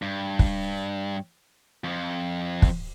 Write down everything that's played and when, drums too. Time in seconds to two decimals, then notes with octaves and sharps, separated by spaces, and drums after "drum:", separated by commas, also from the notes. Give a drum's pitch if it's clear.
0.02 G2
0.39 drum: kick
1.84 F2 F3
2.62 drum: kick